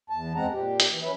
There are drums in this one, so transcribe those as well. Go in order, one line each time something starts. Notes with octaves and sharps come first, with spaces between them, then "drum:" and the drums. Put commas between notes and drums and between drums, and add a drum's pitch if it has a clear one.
E2 A5
F#2 G#3 C4 F#5 A#5
A#2 G4
drum: hi-hat
E3
F#3 C#4 B4 E5